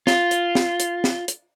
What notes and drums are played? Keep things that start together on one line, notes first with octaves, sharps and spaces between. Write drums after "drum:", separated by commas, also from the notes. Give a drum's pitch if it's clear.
F4, drum: snare
drum: hi-hat
drum: snare
drum: hi-hat
drum: snare
drum: hi-hat